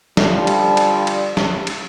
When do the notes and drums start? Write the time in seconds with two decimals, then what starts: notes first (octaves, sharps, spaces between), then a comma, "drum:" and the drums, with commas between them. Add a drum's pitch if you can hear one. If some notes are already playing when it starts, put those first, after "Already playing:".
0.17 D3 F3 G3, drum: snare
0.47 drum: cymbal
0.77 drum: cymbal
1.07 drum: cymbal
1.37 drum: snare
1.67 drum: cymbal